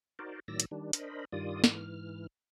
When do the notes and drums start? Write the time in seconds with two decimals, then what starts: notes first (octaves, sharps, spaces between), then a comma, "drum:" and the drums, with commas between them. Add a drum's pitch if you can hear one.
0.19 D#4 F#4 A#4 C5 D5
0.48 A2 D#3 F#3 D5 E6 A#6
0.60 drum: hi-hat
0.71 D#3 G3 D4
0.93 D4 A#4 C5 D#5 B5, drum: hi-hat
1.33 G2 D#3 G3 F4 D5 D#6
1.64 G#2 E3 F6, drum: snare